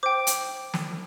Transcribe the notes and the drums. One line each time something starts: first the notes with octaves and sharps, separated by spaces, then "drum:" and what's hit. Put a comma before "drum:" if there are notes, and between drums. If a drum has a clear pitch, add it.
C5 G5 D6
drum: hi-hat
drum: snare